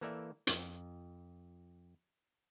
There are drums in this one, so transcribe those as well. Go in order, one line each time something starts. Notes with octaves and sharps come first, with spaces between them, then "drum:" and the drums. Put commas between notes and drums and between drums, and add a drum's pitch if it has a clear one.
E3 A#3 A4 A#4 D5 E5
F2, drum: hi-hat